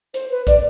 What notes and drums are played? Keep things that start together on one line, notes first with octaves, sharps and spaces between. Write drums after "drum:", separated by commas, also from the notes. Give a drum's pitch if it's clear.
C5, drum: hi-hat
B4
D5, drum: kick, hi-hat